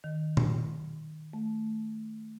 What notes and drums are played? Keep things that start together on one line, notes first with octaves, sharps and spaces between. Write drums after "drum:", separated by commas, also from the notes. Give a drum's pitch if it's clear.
D#3
drum: tom A#2
A3